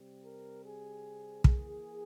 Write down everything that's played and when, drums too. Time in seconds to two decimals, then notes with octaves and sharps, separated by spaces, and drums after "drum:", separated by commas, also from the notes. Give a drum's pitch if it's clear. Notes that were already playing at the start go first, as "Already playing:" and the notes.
Already playing: C3 G3 C4
0.25 A#4
0.65 G#4
1.44 E3 A#3 G#4, drum: kick